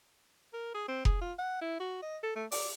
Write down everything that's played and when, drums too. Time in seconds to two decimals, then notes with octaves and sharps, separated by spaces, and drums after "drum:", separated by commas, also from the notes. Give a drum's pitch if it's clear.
0.53 A#4
0.74 G#4
0.88 C4
1.05 G#4, drum: kick F1
1.21 F4
1.39 F#5
1.61 E4
1.80 F#4
2.02 D#5
2.23 A4
2.36 A3
2.52 D5, drum: open hi-hat